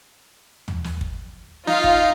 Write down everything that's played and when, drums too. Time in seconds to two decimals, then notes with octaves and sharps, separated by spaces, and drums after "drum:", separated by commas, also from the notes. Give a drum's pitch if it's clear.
0.68 drum: tom
0.84 drum: snare
1.01 drum: kick
1.67 D#4 F4 F5, drum: snare
1.84 drum: kick